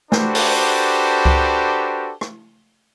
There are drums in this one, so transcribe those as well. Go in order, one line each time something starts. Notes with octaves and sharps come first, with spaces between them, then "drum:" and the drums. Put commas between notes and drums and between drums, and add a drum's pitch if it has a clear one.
D4 F#4 G4 A4 B4 C5, drum: snare
drum: open hi-hat
drum: kick C#2
drum: rim click